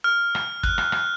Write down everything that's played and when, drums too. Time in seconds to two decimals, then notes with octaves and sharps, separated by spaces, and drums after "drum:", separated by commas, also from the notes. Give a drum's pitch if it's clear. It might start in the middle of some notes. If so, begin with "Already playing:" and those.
0.04 F6
0.35 drum: rim click
0.63 F#6, drum: kick
0.78 drum: rim click
0.92 drum: rim click